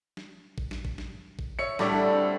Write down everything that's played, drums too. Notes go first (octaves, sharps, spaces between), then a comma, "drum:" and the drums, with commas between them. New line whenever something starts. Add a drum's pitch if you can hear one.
drum: snare
drum: kick A1
drum: snare
drum: kick A1
drum: snare
drum: kick A1
C#5 E5 C#7
A2 D3 G3 A3 D6, drum: snare
D3
C4